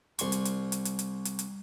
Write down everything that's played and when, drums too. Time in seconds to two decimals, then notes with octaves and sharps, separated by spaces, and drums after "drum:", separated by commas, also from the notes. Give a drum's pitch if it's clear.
0.19 C2 C6 C#6, drum: hi-hat
0.32 drum: hi-hat
0.45 drum: hi-hat
0.72 drum: hi-hat
0.85 drum: hi-hat
0.99 drum: hi-hat
1.25 drum: hi-hat
1.39 drum: hi-hat